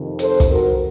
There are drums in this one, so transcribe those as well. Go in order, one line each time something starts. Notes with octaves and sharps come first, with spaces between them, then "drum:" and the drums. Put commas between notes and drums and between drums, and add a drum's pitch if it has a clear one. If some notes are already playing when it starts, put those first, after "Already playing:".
Already playing: F2 C3 D#3
A4 C5, drum: hi-hat
drum: kick, hi-hat
F#4 A#4